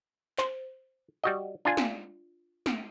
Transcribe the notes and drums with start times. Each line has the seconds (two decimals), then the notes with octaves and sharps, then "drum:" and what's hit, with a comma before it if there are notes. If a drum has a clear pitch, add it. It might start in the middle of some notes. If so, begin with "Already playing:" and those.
0.38 C5, drum: clap
1.24 G3 F#4 D#5
1.65 D4 F4 G#5
1.77 drum: snare
2.66 drum: snare